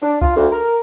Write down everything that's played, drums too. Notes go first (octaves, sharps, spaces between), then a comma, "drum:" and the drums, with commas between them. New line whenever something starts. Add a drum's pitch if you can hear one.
D4
F4, drum: kick C2
D2
A#4